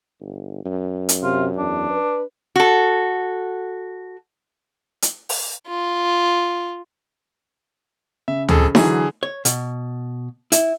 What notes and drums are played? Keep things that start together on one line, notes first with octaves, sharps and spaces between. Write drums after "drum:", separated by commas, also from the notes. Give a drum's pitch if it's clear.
G1
F#2
drum: hi-hat
C3 F4
E2 D4
B4
F#4 A4
drum: hi-hat
drum: open hi-hat
F4
C#3 E5
F2 G#4 A4, drum: tom D2
D3 E3 F#3 G#4, drum: snare D#4
C#5
B2, drum: hi-hat
E4, drum: hi-hat